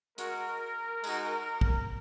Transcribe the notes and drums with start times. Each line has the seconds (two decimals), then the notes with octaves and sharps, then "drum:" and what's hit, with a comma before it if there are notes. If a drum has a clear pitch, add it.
0.18 G#3 F#4 A#4, drum: hi-hat
1.04 G#3 D#4 F#4, drum: tambourine
1.61 drum: kick